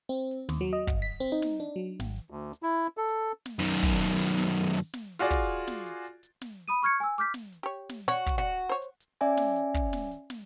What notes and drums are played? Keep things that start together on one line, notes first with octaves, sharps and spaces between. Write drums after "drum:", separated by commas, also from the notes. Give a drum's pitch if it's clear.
C4
drum: hi-hat
D#2, drum: snare
F#3
D#5
G1, drum: kick, hi-hat
B6
C4
D#4
drum: snare
D4, drum: hi-hat
F#3
G#1, drum: snare
drum: hi-hat
D2
drum: hi-hat
E4
A4
drum: hi-hat
drum: snare
F#2 D#3
drum: kick
drum: snare
drum: hi-hat
drum: snare
drum: hi-hat
drum: open hi-hat
drum: snare
F4 F#4 G#4 D5
drum: kick
drum: hi-hat
drum: snare
drum: hi-hat
drum: hi-hat
drum: hi-hat
drum: snare
B5 D#6 D#7
C#6 F6 G#6 C#7
G#5 E6
D6 F6 G6 B6, drum: hi-hat
drum: snare
drum: hi-hat
G4 C#5
drum: snare
F#4 C#5, drum: hi-hat
drum: kick, hi-hat
F#4
C5 C#5
drum: hi-hat
drum: hi-hat
C#4 D5 E5 G#5, drum: hi-hat
drum: snare
drum: hi-hat
drum: kick, hi-hat
drum: snare
drum: hi-hat
drum: snare